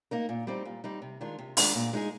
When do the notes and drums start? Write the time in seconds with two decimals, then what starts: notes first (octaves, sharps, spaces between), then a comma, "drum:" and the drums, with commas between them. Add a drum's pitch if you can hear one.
0.11 A#3 D#4 A#4
0.29 A#2
0.47 G3 C4 D#4
0.65 A#2
0.84 G3 C4 D#4
1.02 C3
1.21 D#3 G#3 D4 F4
1.39 C3
1.57 D#3 G#3 D4 F4, drum: open hi-hat
1.75 A#2
1.93 G#3 D#4 G#4